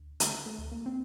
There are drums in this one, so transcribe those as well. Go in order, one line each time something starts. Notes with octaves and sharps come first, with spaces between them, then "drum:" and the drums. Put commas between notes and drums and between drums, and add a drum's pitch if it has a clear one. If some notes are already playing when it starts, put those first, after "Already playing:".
Already playing: D2
D3 A3, drum: hi-hat
A3
D2
A#3
C4